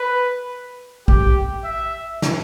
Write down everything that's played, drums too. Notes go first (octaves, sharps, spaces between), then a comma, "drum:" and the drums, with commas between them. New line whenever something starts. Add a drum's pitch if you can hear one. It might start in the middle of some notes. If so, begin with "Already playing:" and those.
Already playing: B4
G4, drum: kick
E5
drum: snare